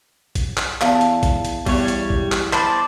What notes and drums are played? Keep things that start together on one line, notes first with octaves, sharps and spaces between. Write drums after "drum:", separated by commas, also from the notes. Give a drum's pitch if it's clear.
drum: kick, hi-hat
drum: clap
E2 F5 A5, drum: clap
drum: hi-hat
drum: kick, hi-hat
drum: hi-hat
E2 G3 C#5, drum: kick, open hi-hat
drum: hi-hat
drum: kick
drum: clap
C5 D5 A5 B5, drum: clap